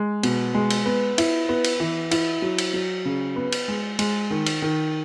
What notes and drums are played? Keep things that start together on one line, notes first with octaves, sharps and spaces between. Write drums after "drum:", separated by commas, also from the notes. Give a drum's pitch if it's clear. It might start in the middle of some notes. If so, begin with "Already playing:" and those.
Already playing: G#3
B2, drum: cymbal
G#3
drum: cymbal
B3
E4, drum: cymbal
B3
drum: cymbal
E3
E4, drum: cymbal
F#3
drum: cymbal
F#3
C#3
B3
drum: cymbal
G#3
G#3, drum: cymbal
D#3
drum: cymbal
D#3